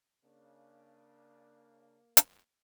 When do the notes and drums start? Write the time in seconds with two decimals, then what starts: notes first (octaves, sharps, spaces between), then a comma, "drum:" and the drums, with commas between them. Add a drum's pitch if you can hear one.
0.24 C#3 A#3 D4
2.17 drum: hi-hat